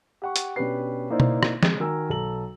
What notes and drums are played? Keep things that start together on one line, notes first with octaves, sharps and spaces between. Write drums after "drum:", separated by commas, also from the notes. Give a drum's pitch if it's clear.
G4 F#5 C#6
drum: hi-hat
B2 C#4 D4 G4 B4 C7
A#3 D#4 E4 C5 D5
drum: tom B2
drum: rim click
G#3, drum: snare
D#3 F#4 A#4 G#5 E6
B1 A4 A#5 F#7